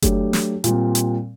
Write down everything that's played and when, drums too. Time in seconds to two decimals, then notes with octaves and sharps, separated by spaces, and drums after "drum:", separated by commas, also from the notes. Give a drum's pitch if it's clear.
0.02 F#3 A3 D4 G4, drum: kick F#1, hi-hat
0.33 drum: snare
0.64 A#2 G3 C4, drum: hi-hat
0.95 drum: hi-hat